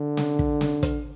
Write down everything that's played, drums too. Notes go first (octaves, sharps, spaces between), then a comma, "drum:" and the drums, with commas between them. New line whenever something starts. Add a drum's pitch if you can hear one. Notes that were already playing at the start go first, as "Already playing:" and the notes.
Already playing: D3
drum: snare
drum: kick
drum: snare
drum: kick, hi-hat